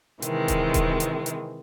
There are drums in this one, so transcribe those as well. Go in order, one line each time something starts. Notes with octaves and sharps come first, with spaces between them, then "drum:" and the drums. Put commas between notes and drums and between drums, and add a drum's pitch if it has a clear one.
C3 D#3 E3 G#3, drum: hi-hat
drum: kick D#1, hi-hat
drum: kick D#1, hi-hat
drum: hi-hat
drum: hi-hat